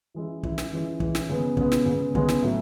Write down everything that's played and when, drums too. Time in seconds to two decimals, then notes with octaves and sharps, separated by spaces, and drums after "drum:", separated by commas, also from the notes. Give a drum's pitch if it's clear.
0.14 E3 G#3 C#4 E4
0.43 E3 G#3 C#4 E4, drum: kick
0.58 drum: snare
0.72 E3 G#3 C#4 E4
1.00 E3 G#3 C#4 E4, drum: kick
1.15 drum: snare
1.29 C#3 G#3 B3
1.57 C#3 G#3 B3, drum: kick
1.72 drum: snare
1.86 C#3 G#3 B3
2.15 C#3 G#3 B3, drum: kick
2.29 drum: snare
2.42 A2 F#3